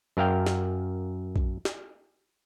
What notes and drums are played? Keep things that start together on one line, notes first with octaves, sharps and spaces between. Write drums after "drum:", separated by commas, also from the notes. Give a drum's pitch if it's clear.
F#2 A#4 F5 G5
drum: snare
drum: kick A#1
drum: snare